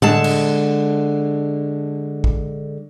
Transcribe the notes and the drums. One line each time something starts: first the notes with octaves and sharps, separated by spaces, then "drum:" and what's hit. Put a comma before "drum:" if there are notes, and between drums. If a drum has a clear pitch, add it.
D3 G#3 A5, drum: tom A2
drum: cymbal
drum: kick A1